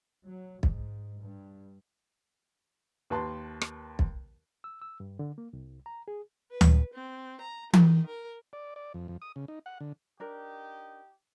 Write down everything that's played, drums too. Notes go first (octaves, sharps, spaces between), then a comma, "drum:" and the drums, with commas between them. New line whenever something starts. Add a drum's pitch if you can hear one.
F#3
G#2, drum: kick
G2
D#2 B4 A5 C6
drum: rim click
drum: kick
E6
E6
G2
D3
A#3
C2
A#5
G#4
B4
drum: tom D2
C4
A#5
D#3, drum: tom E3
A#4
D5
D5
F2
F2
D#6
C#3
D#4
F#5
D3
D4 D#4 G4 A#4